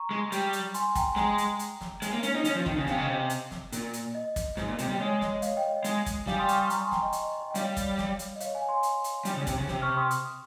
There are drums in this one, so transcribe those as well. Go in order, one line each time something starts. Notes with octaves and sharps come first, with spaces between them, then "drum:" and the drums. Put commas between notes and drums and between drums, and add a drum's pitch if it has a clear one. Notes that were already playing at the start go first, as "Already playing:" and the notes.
Already playing: A#5 C#6
G#3
G3, drum: hi-hat
drum: hi-hat
G#5 C6, drum: hi-hat
G5 A#5, drum: kick, hi-hat
G#5
G#3 G5 A#5, drum: snare
drum: hi-hat
drum: hi-hat
drum: snare
G#3, drum: hi-hat
A#3
C#4, drum: hi-hat
D#4
C#4, drum: hi-hat
F3
D#3, drum: kick
C#3
C3 F5 G#5, drum: snare
C#3 D#5 G5
C3
drum: hi-hat
drum: snare
A#2, drum: hi-hat
drum: hi-hat
D#5
drum: kick, hi-hat
G#2, drum: snare
A#2
C3, drum: hi-hat
G3
G#3 C#5
D#5, drum: snare
C#5 F5, drum: hi-hat
D#5 G5
G#3, drum: hi-hat
drum: kick, hi-hat
G3 F5 G#5, drum: snare
C6 D#6
C#6 F6, drum: hi-hat
C6 D#6
A#5 C#6, drum: hi-hat
G#5 C6
G5 A#5, drum: snare
D#5 G5
D#5, drum: hi-hat
D#5
G5
G3 C#5 F5, drum: hi-hat
drum: kick, hi-hat
drum: snare
drum: hi-hat
D#5
C#5 F5, drum: hi-hat
F5 G#5
G#5 C6
drum: hi-hat
drum: hi-hat
G3, drum: hi-hat
C#3
C3, drum: kick, hi-hat
C#3
C3, drum: snare
C#6 F6
C6 D#6
drum: hi-hat